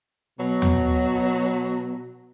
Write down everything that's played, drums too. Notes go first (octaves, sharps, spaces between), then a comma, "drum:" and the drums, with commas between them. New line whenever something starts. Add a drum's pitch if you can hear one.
B2 F#3
drum: tom